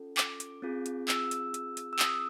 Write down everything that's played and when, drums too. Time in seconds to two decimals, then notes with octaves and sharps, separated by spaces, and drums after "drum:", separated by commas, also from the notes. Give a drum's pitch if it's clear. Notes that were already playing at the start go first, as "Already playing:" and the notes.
Already playing: C#4 F4 A4
0.17 D6, drum: clap
0.40 drum: hi-hat
0.62 C4 F4 G#4
0.86 drum: hi-hat
1.08 E6, drum: clap
1.31 drum: hi-hat
1.54 drum: hi-hat
1.77 drum: hi-hat
1.93 E6
1.99 D#6, drum: clap